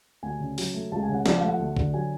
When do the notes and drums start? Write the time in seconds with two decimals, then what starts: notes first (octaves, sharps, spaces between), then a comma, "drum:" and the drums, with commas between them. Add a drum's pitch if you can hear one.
0.23 D2 G#5
0.40 C#3
0.58 F#3, drum: open hi-hat
0.74 A3
0.92 C#2 A5
1.03 G#5
1.09 C#3 F#5
1.26 F3 D5, drum: snare
1.37 A3 F5
1.48 F#5
1.59 D2
1.77 D3, drum: kick
1.94 F#3 G#5